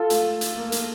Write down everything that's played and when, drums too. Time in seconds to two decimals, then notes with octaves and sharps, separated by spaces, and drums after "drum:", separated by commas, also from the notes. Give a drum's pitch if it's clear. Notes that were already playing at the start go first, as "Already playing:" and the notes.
Already playing: F4 A4
0.10 A3, drum: hi-hat
0.41 drum: hi-hat
0.56 A#3
0.72 drum: hi-hat